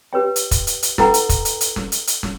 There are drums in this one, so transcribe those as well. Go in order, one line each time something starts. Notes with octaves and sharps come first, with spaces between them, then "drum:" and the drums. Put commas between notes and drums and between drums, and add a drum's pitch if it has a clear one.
G4 B4 C#5 G5
drum: hi-hat
drum: kick, hi-hat
drum: hi-hat
drum: hi-hat
E4 A4 B4 F#5 G5 A#5, drum: snare
drum: hi-hat
drum: kick, hi-hat
drum: hi-hat
drum: hi-hat
drum: snare
drum: hi-hat
drum: hi-hat
drum: snare